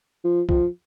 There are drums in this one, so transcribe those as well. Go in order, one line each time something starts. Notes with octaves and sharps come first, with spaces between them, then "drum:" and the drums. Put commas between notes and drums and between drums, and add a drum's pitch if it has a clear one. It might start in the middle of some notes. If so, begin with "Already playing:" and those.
F3
F3, drum: kick